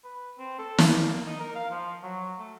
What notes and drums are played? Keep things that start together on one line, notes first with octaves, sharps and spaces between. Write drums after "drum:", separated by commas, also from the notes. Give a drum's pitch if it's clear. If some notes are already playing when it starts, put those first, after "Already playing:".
B4
C4
A4
drum: snare
A#3
D#4
A#4
F5
F3
F#3
A3